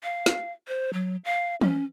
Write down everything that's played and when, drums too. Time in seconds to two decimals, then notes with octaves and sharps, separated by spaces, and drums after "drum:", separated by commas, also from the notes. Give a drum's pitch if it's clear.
0.03 F5
0.26 drum: snare
0.68 C5
0.93 F#3
1.25 F5
1.61 C#4, drum: tom